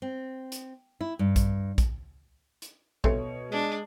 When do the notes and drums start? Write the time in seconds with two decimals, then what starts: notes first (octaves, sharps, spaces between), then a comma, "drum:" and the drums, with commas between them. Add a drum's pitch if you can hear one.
0.02 C4
0.52 drum: hi-hat
1.01 E4
1.19 G2
1.36 drum: kick A#1, hi-hat
1.78 drum: kick A#1, hi-hat
2.62 drum: hi-hat
3.04 B2 G3 A3 C4 C#5, drum: kick A#1
3.51 G#3 D4